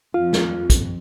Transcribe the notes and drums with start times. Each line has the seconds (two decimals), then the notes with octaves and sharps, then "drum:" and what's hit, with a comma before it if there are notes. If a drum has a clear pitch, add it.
0.14 F2 F4
0.33 drum: snare
0.70 drum: kick, hi-hat